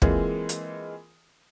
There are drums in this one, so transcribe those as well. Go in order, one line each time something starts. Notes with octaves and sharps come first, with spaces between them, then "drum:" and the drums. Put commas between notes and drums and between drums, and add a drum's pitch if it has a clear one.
E3 G#3 A#3 C4 F4 G#4, drum: kick
drum: hi-hat